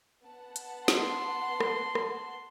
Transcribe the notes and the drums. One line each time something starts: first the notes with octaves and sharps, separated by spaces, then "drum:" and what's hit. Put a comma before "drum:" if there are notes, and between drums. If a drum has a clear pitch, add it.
B3 F#5 A5
drum: hi-hat
C6, drum: snare
drum: rim click
drum: rim click